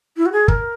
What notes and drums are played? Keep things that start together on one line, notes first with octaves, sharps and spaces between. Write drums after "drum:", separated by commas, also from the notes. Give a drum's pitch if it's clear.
E4
F#4
G#4
A#4, drum: kick